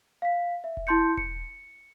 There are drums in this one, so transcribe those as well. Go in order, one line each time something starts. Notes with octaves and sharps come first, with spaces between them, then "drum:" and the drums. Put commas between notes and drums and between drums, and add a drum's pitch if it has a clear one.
F5 B6
E5
drum: kick E1
E4 A5 C6 G6 C#7
C#7, drum: kick E1